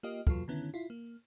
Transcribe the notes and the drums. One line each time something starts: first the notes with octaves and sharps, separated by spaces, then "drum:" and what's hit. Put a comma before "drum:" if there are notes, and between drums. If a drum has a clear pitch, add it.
A#3 F4 G4 D#5
E2 F#3 F4 A4 F6, drum: kick
D3 D#3 B3 C#4 E4
E4 F4
A#3